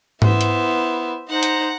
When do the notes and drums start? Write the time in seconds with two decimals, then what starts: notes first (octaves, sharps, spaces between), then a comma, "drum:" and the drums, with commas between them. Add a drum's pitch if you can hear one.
0.22 B3 E4 C5 E5, drum: tom G#2
0.41 drum: hi-hat
1.29 D#4 C5 F#5 A#5
1.43 drum: hi-hat